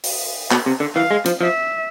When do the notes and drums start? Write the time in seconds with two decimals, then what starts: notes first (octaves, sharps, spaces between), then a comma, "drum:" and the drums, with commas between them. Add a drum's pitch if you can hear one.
0.04 drum: open hi-hat
0.51 B2, drum: clap
0.66 C3
0.80 D3
0.95 E3 F5
1.11 G#3
1.26 F3, drum: hi-hat
1.41 F3 E5